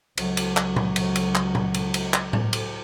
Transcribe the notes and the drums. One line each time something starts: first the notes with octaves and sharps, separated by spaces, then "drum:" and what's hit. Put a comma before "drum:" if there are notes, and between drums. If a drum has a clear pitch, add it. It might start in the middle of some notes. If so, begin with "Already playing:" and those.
C#2 F#3, drum: cymbal
drum: cymbal
drum: clap
drum: tom A#2
drum: cymbal
drum: cymbal
drum: clap
drum: tom A#2
drum: cymbal
drum: cymbal
drum: clap
drum: tom A2
drum: cymbal